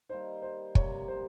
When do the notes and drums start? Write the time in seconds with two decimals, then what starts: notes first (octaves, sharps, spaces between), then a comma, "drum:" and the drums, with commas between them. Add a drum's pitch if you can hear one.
0.09 D#3 G3 A#3 C5
0.42 C5
0.75 C3 G3 A#3 C#5, drum: kick
1.08 C5